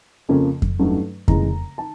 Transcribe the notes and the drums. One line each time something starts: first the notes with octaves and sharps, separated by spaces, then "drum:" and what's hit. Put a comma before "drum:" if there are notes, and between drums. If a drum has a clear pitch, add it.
F2 C#3 F3 A#3 C#4
drum: kick F2
G2 D#3 F#3 A3 C#4
F1 D#2 C#3 E3 G#3 A#5, drum: kick F2
D#3 A5